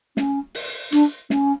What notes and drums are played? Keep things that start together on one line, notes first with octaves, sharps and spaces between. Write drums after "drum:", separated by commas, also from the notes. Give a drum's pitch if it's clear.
C#4, drum: snare
drum: open hi-hat
D4, drum: hi-hat
C#4, drum: snare